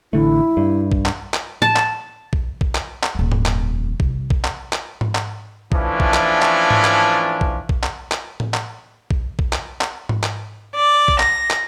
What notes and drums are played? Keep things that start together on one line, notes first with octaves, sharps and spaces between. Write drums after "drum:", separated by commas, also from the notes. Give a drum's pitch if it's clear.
A1 D3 A3 E4
G2
drum: kick
drum: clap
drum: clap
A5, drum: tom A2
drum: clap
drum: kick
drum: kick
drum: clap
drum: clap
D#1 F2
drum: tom G#2
drum: clap
C2, drum: kick
drum: kick
drum: clap
drum: clap
drum: tom G#2
drum: clap
E3 F3 A3 C#4 D4, drum: kick
drum: kick
drum: clap
drum: clap
drum: tom G#2
drum: clap
drum: kick
drum: kick
drum: clap
drum: clap
drum: tom A2
drum: clap
drum: kick
drum: kick
drum: clap
drum: clap
drum: tom G#2
drum: clap
D5
drum: kick
A#6, drum: clap
drum: clap